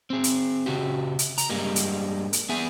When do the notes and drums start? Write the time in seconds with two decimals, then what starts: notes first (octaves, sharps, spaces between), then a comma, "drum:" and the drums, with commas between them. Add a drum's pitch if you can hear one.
0.10 C4 G#4
0.24 drum: hi-hat
0.66 C#3 F#4 G4
1.19 drum: hi-hat
1.38 A#5, drum: hi-hat
1.49 G2 G3 G#3 A#3
1.76 drum: hi-hat
2.33 drum: hi-hat
2.49 B3 G#4 E5 G#5